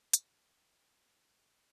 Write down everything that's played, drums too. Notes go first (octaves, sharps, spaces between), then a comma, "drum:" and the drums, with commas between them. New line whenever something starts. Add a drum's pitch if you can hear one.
G5 C#6, drum: hi-hat